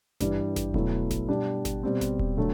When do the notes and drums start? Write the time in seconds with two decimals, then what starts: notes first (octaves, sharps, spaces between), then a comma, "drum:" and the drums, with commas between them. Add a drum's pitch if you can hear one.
0.20 G2 E3 G3, drum: snare G#1
0.56 drum: snare G#1
0.74 B2 F#3 A3 E4, drum: kick D#1
1.11 drum: snare G#1
1.28 B2 G3 D4 G4
1.65 drum: snare G#1
1.83 B2 G3 C4
2.01 drum: snare G#1
2.19 drum: kick D#1
2.37 D3 F#3 A3